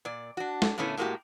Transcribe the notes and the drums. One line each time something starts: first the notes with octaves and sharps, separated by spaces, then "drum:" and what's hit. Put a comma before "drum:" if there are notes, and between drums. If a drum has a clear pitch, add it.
A#2 D5
D4 F#4
drum: snare
A#2 D3 A3 B3 C#4 E4
A2 G#3 A#3 C#4 F#4 G4